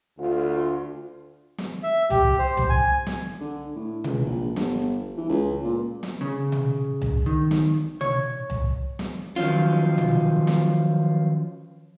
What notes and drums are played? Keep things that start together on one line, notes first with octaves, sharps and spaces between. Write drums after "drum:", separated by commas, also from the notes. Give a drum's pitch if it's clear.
D2 F4
drum: snare
E5
G4, drum: tom C2
C5
drum: tom C2
G#5
drum: snare
D3
A2
C#2, drum: tom B2
A#1
G1, drum: snare
E3
C#2
A#2
drum: snare
C#3
drum: tom B2
drum: tom C2
D#3
drum: snare
C#5, drum: tom B2
drum: tom C2
drum: snare
D#3 F3 F#3 C#4 F4
drum: tom B2
drum: snare